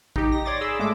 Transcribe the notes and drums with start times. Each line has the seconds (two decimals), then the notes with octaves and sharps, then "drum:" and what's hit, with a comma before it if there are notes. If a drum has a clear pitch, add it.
0.16 D#4 G4, drum: kick A1
0.32 A#6
0.45 C#5 D5 C6 D6 A6 A#6
0.61 G#4 B5 C6 E6
0.79 G#1 G#3 A3 D6